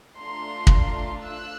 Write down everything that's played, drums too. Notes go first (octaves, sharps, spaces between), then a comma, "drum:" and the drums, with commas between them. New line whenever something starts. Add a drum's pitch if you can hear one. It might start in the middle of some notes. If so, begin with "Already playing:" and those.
A3 D4 F4 A#5 C6
drum: kick
E6 F#6